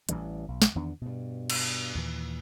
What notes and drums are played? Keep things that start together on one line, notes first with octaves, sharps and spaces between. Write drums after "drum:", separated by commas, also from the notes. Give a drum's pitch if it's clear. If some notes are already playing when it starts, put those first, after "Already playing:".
A1 B2 E3 G3, drum: hi-hat
B1
drum: snare
E2 D#3 B3 D4
G2 B2
drum: cymbal
D#2 A#2 E3